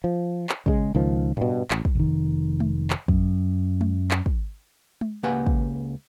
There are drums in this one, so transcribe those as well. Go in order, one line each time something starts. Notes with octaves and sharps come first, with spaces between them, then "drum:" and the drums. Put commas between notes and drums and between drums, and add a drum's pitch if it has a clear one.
F3
drum: clap
C#3 G3 G#3, drum: kick
C#2 D#3 F3
G2 B2, drum: tom G#2
A1, drum: clap
drum: kick
F1 D#3
drum: tom G#3
drum: clap
F#2, drum: kick
drum: tom G#3
drum: clap
drum: kick
drum: tom G#3
C#2 A#3 G4 B4 F#5 G#5
drum: kick